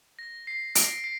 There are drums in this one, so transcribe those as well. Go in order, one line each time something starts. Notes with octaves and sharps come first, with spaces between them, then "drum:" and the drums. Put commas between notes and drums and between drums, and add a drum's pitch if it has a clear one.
A#6
C7
A#6 D7, drum: hi-hat
C7